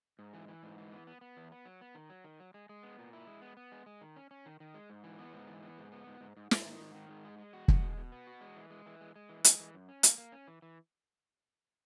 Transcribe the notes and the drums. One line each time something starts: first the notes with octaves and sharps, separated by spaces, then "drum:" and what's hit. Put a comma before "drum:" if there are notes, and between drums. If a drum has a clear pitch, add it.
G#2
E3
E3
G#2
E3
B3
B3
B3
E2
B3
F#3
B3
D#3
F#3
D#3
F#3
G#3
G#3
B3
A#2
E4
G#3
B3
B3
G#3
G#3
D#3
C#4
C#4
D#3
D#3
G#3
G#2
E3
B3
G#2
E3
B3
G#2
B3
G#2
G#2
G#2
G#2, drum: snare
D#3
G#2
D#3
G#2
G#3
G#3
F#4
G#3, drum: kick
B2
B2
B3
F#4
G#3
E3
G#3
E3
G#3
G#3
E3
G#3, drum: hi-hat
E3
F#2
C#4
A#3, drum: hi-hat
A#3
C#4
E3
E3